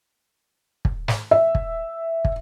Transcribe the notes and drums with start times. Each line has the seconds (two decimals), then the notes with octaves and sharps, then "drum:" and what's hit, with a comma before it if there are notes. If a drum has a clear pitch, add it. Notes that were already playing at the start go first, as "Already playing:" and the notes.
0.85 drum: kick
1.08 drum: snare
1.31 E5
1.55 drum: kick
2.25 drum: kick